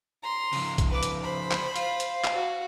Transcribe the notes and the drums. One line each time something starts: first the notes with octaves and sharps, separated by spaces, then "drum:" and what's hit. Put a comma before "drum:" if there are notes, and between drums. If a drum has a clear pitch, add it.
A#5 C6
C#3 F3, drum: open hi-hat
drum: kick B1, hi-hat
B4 D6
drum: hi-hat
C5 B5
drum: clap
F5 C6, drum: hi-hat
drum: hi-hat
drum: clap
F#4